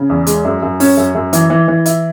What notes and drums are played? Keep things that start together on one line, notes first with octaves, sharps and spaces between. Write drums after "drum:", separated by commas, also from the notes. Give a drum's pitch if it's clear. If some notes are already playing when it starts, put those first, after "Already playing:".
Already playing: C#3
E2
G#3, drum: hi-hat
F#2
F#2
C#4, drum: open hi-hat
F#2
F#2
E3, drum: hi-hat
E3
E3
E4, drum: hi-hat